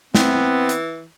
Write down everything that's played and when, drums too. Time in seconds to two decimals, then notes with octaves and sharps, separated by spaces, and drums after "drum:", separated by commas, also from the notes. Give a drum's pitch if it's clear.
0.15 E3 B3 C4, drum: snare
0.69 drum: hi-hat